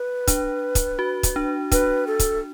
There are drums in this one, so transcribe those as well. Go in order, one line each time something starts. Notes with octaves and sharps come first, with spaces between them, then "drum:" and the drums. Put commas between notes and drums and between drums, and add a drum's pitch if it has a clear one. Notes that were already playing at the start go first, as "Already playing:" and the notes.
Already playing: B4
D4, drum: kick, hi-hat
drum: kick, hi-hat
F#4
drum: kick, hi-hat
D4
D4 B4, drum: kick, hi-hat
A4
drum: kick, hi-hat